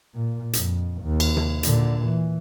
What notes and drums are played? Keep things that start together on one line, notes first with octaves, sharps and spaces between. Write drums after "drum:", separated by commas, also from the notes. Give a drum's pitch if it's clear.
A#2
F2, drum: hi-hat
D#2
drum: cymbal
drum: tom C3
A#2 D3, drum: hi-hat
E3